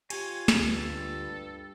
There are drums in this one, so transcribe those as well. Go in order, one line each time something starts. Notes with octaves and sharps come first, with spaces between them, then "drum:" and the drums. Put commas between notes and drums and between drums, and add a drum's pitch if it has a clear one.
F4 G4 C#5 G#5, drum: cymbal
drum: snare
D2 G2 A4